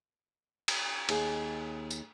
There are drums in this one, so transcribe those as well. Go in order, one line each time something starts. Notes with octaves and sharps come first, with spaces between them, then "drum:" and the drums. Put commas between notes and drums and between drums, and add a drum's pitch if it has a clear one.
drum: cymbal
D#2 G#4 D#5, drum: cymbal
drum: tambourine